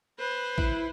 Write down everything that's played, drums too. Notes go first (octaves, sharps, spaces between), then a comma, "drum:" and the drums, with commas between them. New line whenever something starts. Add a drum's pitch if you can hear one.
B4 C5
E4, drum: kick A1